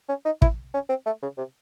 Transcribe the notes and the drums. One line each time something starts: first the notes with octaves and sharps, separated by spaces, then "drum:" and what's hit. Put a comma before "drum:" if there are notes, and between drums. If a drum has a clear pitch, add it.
C#4
D#4
E4, drum: kick
C#4
C4
A3
C#3
C3